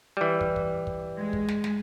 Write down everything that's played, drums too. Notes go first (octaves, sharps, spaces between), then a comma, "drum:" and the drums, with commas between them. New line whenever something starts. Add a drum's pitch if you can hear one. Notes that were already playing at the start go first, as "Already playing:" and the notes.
E3 G3
drum: kick
drum: kick
drum: kick
G#3
drum: kick
drum: snare
drum: snare